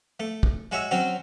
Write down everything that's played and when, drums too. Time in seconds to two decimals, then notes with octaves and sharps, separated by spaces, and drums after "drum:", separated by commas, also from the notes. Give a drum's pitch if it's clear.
0.20 A3
0.43 drum: kick
0.71 G#3 F#4 C#5 E5
0.91 F#3 C4 C#4 F#4